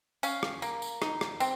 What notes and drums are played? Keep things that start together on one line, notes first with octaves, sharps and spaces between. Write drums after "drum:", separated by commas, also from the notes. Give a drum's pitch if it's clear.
C#4 F5, drum: tambourine
drum: rim click
A#3, drum: tambourine
drum: tambourine
D#4, drum: rim click
drum: rim click
C4, drum: tambourine